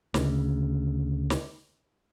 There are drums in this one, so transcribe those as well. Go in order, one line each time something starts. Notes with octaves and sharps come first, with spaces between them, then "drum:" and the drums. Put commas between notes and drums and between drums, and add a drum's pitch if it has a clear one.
D2 C#3, drum: snare
drum: snare